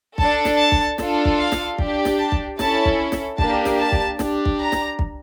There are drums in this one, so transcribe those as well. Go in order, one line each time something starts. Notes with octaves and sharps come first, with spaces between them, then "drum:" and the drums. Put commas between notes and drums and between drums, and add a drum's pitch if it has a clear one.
D4 A4 A5, drum: kick
drum: snare
A5
drum: kick
D4 F4 A4, drum: snare
drum: kick
F5
drum: snare
D4 G4, drum: kick
drum: snare
A5
drum: kick
C#4 E4 A4 A5, drum: snare
drum: kick
drum: snare
A#3 D4 G4 A5, drum: kick
drum: snare
A5
drum: kick
D4 G4, drum: snare
drum: kick
A#5
drum: snare
drum: kick